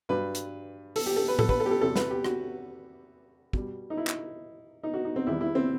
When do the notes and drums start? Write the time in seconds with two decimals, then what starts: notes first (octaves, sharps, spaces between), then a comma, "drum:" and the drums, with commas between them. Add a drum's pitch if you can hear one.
0.09 G2 F#3 B4
0.35 drum: hi-hat
0.96 A4, drum: open hi-hat
1.06 G4
1.16 A4
1.28 B4
1.39 A4, drum: tom A2
1.49 B4, drum: kick
1.60 A4
1.66 G4
1.71 A4
1.81 E2 C3 F#3 A4
1.96 B4, drum: snare
2.10 G4
2.24 F#4, drum: rim click
3.53 B2 G3, drum: kick
3.90 D#4
3.97 E4
4.07 drum: clap
4.83 D#4
4.94 F#4
5.05 D#4
5.16 C4
5.27 E2 D#3 G3 E4
5.41 E4
5.55 C4